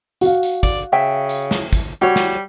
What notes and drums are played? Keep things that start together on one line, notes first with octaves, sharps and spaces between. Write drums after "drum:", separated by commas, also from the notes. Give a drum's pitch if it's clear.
F#4 F5, drum: tambourine
drum: tambourine
D5, drum: kick, tambourine
C#3 E5 G5
drum: tambourine
drum: snare
drum: kick, tambourine
G3 F#4 C#5 F#5
drum: snare